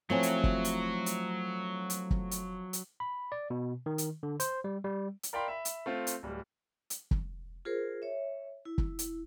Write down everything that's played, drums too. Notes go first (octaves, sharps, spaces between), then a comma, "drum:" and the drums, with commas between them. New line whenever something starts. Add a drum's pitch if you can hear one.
F3 F#3 A3 C4 E4 C#5 G#5
drum: hi-hat
drum: kick
drum: hi-hat
drum: hi-hat
drum: hi-hat
drum: kick
drum: hi-hat
drum: hi-hat
B5
D5
B2
D#3
drum: hi-hat
D3
C5, drum: hi-hat
G3
G3
drum: hi-hat
A#4 D5 F5 G5 B5 C6
E5 B5
drum: hi-hat
A3 C4 F4
drum: hi-hat
D1 G3
drum: hi-hat
drum: kick
F4 G#4 A#4 C5
C#5 E5
E4
drum: kick
drum: hi-hat